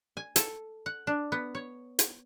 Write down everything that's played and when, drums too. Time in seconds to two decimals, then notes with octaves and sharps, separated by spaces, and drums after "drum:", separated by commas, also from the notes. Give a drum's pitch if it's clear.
0.17 G#5
0.36 A4, drum: hi-hat
0.86 F#5
1.07 D4
1.32 B3
1.55 C#5
1.99 drum: hi-hat